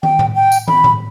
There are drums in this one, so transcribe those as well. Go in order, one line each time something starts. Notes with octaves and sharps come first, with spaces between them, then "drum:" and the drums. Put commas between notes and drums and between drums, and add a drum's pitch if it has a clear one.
G5, drum: tom
drum: tom A2
G5
drum: tambourine
B5, drum: tom
drum: tom A2